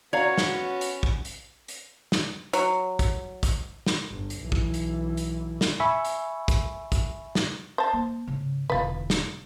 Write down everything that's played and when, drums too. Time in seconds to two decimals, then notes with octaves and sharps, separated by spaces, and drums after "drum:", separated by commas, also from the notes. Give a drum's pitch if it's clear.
0.13 B3 C#4 F#4 C#5 D5 F5 A#5
0.38 drum: snare
0.81 drum: hi-hat
1.03 drum: kick
1.25 drum: hi-hat
1.68 drum: hi-hat
2.12 drum: snare
2.53 F#3, drum: hi-hat
2.99 drum: kick, hi-hat
3.43 drum: kick, hi-hat
3.86 drum: snare
4.08 G1
4.30 drum: hi-hat
4.40 B1 E3
4.52 drum: kick
4.74 drum: hi-hat
5.17 drum: hi-hat
5.61 drum: snare
5.80 E5 G#5 B5 C#6 E6
6.05 drum: hi-hat
6.48 drum: kick, hi-hat
6.92 drum: kick, hi-hat
7.35 drum: snare
7.78 C5 A5
7.93 A#3
8.27 G#2 C#3
8.70 E1 D3 F4 B4
9.10 drum: snare